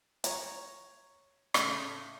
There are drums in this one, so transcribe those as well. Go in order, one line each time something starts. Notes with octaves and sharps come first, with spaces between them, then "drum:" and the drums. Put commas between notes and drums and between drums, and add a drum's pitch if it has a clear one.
C#5 A#5, drum: hi-hat
A2 C#3, drum: rim click